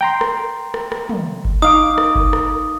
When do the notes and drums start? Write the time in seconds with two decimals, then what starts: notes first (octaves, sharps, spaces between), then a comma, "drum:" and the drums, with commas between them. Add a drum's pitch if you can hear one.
0.01 G5 A#5 C6
0.21 drum: rim click
0.74 drum: rim click
0.92 drum: rim click
1.09 drum: tom
1.45 drum: kick G1
1.62 D#4 F5 D6 D#6
1.98 drum: rim click
2.15 drum: kick G1
2.33 drum: rim click